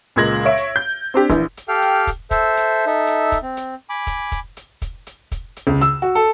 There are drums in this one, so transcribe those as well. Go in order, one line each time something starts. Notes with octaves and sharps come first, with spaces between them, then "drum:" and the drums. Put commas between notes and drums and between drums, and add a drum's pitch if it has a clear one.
C#2 A#2 G#3 G#6 A#6 F#7
C#5 E5 D7
drum: hi-hat
G6
C4 D4 G4
A#1 E3, drum: kick, hi-hat
drum: hi-hat
G4 A4 F5 G5 F6
drum: hi-hat
drum: kick, hi-hat
A4 C5 E5, drum: kick, hi-hat
drum: hi-hat
D#4 A4 E5
drum: hi-hat
drum: kick, hi-hat
C4
drum: hi-hat
G#5 B5 D6
drum: kick, hi-hat
drum: kick, hi-hat
drum: hi-hat
drum: kick, hi-hat
drum: hi-hat
drum: kick, hi-hat
drum: hi-hat
C#2
E6, drum: hi-hat
F#4
A4